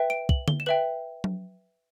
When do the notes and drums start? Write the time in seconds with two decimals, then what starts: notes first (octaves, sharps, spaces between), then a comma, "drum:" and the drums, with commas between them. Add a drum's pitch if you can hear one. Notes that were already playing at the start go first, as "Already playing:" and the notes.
Already playing: B4 E5 G5
0.10 D7
0.29 F#7, drum: kick
0.48 G7, drum: tom D3
0.60 E7
0.66 B4 E5 G5 F#7
1.24 drum: tom F#3